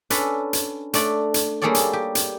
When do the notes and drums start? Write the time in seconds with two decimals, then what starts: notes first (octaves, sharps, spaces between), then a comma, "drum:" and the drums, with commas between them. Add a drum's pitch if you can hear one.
0.10 C#4 D4 A4 B4, drum: hi-hat
0.53 drum: hi-hat
0.94 A3 D4 D5, drum: hi-hat
1.34 drum: hi-hat
1.61 G3 A#3 G#4 A4 C#5 D5
1.75 drum: hi-hat
1.93 G4
2.15 drum: hi-hat